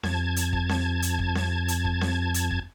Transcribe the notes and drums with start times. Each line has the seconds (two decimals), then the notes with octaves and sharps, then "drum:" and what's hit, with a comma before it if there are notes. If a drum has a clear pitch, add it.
0.03 F2 A5 G#6, drum: snare C4
0.36 drum: hi-hat
0.53 drum: kick
0.69 drum: snare C4
1.02 drum: hi-hat
1.19 drum: kick
1.35 drum: snare C4
1.68 drum: hi-hat
1.85 drum: kick
2.01 drum: snare C4
2.34 drum: hi-hat
2.51 drum: kick